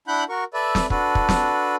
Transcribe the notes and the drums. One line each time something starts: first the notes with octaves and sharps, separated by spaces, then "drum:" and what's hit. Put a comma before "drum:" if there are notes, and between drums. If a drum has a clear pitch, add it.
D4 E4 F#5 B5 F#6 G6
F#4 A#4 C#6
A4 B4 D5 E5
drum: snare
D4 F#4 A4 B4, drum: kick
drum: kick
drum: snare